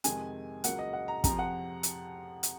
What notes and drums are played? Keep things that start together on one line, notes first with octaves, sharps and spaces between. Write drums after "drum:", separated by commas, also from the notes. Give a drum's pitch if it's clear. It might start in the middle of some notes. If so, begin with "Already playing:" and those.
F2 C3 D#3 G#3 G#5, drum: hi-hat
C#2 C#3 F#3 A#3 F#5, drum: hi-hat
D#5
F#5
A#5
F2 C3 F3 A#5, drum: kick, hi-hat
F#5
drum: hi-hat
drum: hi-hat